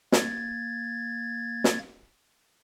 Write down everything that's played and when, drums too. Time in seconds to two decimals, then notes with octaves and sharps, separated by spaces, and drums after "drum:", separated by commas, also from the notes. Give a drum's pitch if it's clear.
0.12 A#3 G#6 A6, drum: snare
1.64 drum: snare